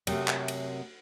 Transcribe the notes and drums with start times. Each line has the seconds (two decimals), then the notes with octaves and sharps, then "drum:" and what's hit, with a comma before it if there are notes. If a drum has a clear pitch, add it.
0.07 F#2 C3 A3, drum: cymbal
0.28 drum: clap
0.48 drum: cymbal